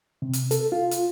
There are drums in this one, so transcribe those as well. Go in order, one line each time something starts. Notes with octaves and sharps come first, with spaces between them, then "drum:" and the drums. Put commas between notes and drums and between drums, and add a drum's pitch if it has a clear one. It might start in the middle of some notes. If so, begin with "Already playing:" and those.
C3
drum: hi-hat
A4, drum: hi-hat
F4
drum: hi-hat